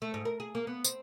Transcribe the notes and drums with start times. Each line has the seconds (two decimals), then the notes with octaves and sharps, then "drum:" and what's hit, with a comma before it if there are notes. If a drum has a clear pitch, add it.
0.02 A3
0.14 G#2
0.25 A#4
0.40 G#4
0.55 A#3
0.67 B3
0.84 C4, drum: tambourine